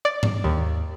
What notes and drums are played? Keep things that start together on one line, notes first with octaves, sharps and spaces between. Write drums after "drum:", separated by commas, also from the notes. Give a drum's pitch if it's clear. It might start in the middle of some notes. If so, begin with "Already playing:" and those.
D5
drum: tom G#2
D#2